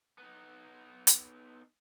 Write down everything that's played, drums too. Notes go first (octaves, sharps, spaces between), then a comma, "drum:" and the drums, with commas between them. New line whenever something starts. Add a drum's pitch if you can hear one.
B3 D#4
drum: hi-hat